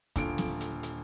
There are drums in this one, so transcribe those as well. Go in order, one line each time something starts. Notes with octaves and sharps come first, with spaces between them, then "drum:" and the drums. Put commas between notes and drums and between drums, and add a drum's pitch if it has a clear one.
D#1 D3 F4 D7, drum: kick, hi-hat
drum: snare
drum: hi-hat
drum: hi-hat